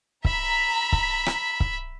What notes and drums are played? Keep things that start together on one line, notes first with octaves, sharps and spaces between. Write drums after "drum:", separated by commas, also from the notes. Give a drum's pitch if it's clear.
E5 A#5 B5 B6, drum: kick C#1
drum: kick C#1
drum: rim click
drum: kick C#1